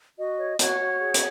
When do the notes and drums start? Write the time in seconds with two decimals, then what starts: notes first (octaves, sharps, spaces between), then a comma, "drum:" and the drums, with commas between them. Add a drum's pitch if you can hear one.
0.18 F#4 D#5
0.38 C#5
0.59 F#4 C#5 F#5, drum: hi-hat
0.80 F#4
1.00 G#4
1.14 drum: hi-hat